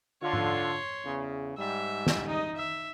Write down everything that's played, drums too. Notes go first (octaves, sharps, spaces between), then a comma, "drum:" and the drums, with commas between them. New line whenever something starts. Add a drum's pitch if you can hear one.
D3 F4 C#5 C6
drum: tom G#2
E2 C#3
G#2 G3 E5
drum: snare
D#4 D#5
E5